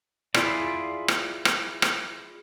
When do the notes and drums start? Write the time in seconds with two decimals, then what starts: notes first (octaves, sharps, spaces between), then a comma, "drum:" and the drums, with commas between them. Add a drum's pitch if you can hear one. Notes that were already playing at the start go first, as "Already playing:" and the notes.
0.34 E4 F4 G#4 D5, drum: rim click
1.08 drum: rim click
1.45 drum: rim click
1.82 drum: rim click